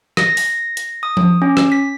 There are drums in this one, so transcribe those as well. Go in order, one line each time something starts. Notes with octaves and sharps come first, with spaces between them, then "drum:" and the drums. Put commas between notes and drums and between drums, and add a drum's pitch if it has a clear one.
A#6, drum: rim click
drum: open hi-hat
drum: hi-hat
D#6
drum: tom F3
C#4
drum: rim click
B6